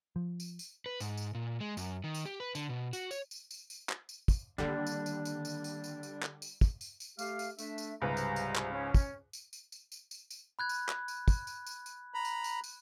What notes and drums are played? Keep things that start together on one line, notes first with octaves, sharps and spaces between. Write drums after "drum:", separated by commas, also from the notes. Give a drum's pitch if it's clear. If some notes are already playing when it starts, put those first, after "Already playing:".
F3
drum: tambourine
drum: tambourine
B4
G#2, drum: tambourine
drum: tambourine
A#2
G#3
F#2, drum: tambourine
D#3
drum: tambourine
G4
B4
D3, drum: tambourine
B2
F#4, drum: tambourine
C#5, drum: tambourine
drum: tambourine
drum: tambourine
drum: tambourine
drum: clap
drum: tambourine
drum: kick, tambourine
D3 D#3 G3 A#3 D4
drum: tambourine
drum: tambourine
drum: tambourine
drum: tambourine
drum: tambourine
drum: tambourine
drum: tambourine
drum: clap
drum: tambourine
drum: kick, tambourine
drum: tambourine
drum: tambourine
A3 G4 F5, drum: tambourine
drum: tambourine
A3 D4 E5, drum: tambourine
drum: tambourine
C#2 G#2 C3 G3 B4 A#5
drum: tambourine
drum: tambourine
drum: clap
C#4
drum: kick, tambourine
drum: tambourine
drum: tambourine
drum: tambourine
drum: tambourine
drum: tambourine
drum: tambourine
B5 F#6 G#6
drum: tambourine
drum: clap
drum: tambourine
drum: kick, tambourine
drum: tambourine
drum: tambourine
drum: tambourine
A#5 B5
drum: tambourine
drum: tambourine
drum: tambourine